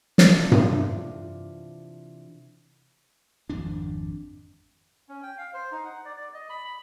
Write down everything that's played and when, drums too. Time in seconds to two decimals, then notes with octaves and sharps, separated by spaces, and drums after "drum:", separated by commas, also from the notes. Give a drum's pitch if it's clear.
0.18 C3 E3 D4 F4, drum: snare
0.52 drum: tom G2
3.50 G#1 F2 D4
5.09 C#4
5.23 G5
5.38 F5
5.54 C5
5.72 D#4
5.85 F#5
6.05 D5
6.17 D5
6.34 D#5
6.50 B5
6.65 B5